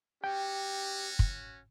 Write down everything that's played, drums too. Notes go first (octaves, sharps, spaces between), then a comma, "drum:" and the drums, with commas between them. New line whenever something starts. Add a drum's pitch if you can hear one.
C#4 F#4 G4 G5
drum: kick